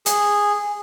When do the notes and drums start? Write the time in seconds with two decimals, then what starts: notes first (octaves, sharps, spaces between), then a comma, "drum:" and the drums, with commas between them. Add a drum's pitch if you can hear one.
0.06 G#4, drum: hi-hat